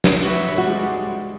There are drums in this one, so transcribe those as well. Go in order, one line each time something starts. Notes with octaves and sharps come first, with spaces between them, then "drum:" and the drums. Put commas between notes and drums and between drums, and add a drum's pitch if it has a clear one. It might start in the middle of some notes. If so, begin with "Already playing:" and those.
drum: snare
F#4 B4 E5, drum: hi-hat
drum: hi-hat
G3 G#3 F#4